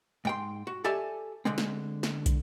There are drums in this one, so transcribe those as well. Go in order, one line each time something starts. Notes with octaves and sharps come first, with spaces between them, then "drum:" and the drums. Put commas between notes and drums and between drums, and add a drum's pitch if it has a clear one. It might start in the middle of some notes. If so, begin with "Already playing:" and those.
G#2 G5 C6
F#4
G4 A4 D5 E5 G#5 A5
D3 G#3 C4
drum: snare
drum: snare
drum: kick, hi-hat